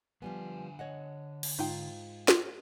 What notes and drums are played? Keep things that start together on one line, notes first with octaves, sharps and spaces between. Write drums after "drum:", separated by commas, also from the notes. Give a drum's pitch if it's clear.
D3 F3 G3 B3 G#5
C#5 D#5 F#5
drum: cymbal
G#2 D#4 F4 G5
drum: snare